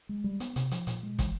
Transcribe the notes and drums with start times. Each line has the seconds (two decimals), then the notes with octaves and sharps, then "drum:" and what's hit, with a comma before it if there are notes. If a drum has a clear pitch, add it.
0.09 G#3
0.24 G3
0.40 B3, drum: hi-hat
0.56 C3, drum: hi-hat
0.71 F3, drum: hi-hat
0.87 A#2, drum: hi-hat
1.03 G#3
1.19 E3, drum: kick, hi-hat